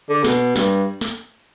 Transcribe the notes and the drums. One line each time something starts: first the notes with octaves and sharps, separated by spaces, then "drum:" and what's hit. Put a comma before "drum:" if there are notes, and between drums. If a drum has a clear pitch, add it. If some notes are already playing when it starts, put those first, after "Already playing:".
D3
B2, drum: snare
G2, drum: snare
drum: snare